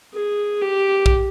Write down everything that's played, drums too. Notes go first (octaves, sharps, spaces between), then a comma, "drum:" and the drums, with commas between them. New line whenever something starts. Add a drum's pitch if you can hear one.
G#4
G4
drum: kick